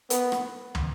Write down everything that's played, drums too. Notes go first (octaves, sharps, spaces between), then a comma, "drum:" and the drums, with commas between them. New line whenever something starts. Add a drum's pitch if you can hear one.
B3, drum: hi-hat
drum: rim click
drum: tom